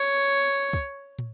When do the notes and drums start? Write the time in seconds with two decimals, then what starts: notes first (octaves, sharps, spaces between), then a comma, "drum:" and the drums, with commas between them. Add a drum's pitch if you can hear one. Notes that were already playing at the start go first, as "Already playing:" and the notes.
Already playing: C#5
0.73 drum: kick
1.19 drum: tom